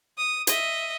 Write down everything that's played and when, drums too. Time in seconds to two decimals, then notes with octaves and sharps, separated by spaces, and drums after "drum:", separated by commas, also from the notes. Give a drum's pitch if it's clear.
0.18 D#6
0.47 D#5 E5, drum: hi-hat